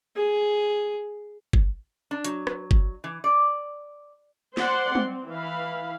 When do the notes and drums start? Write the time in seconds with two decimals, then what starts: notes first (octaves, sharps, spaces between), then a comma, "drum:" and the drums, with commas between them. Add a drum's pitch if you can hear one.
0.16 G#4
1.53 drum: kick
2.11 D4
2.25 F#3, drum: hi-hat
2.47 drum: rim click
2.71 drum: kick
3.04 E3
3.24 D5
4.57 C5 D5 F#5 C6, drum: snare
4.95 C4, drum: tom
5.31 E3 F5 B5